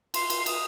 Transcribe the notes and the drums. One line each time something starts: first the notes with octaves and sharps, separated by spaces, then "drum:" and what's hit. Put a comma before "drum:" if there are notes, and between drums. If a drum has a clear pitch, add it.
C6, drum: cymbal
drum: cymbal
D#6, drum: cymbal